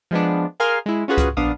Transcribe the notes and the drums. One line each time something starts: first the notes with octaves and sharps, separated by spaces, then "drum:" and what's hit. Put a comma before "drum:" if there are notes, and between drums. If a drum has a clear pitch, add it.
F3 G#3 B3 D4
G#4 A#4 F5 G#5 C6 F6
G#3 E4
C#4 F4 F#4 G#4 B4
drum: kick C#2, hi-hat
A#1 B3 D4 F5 D#6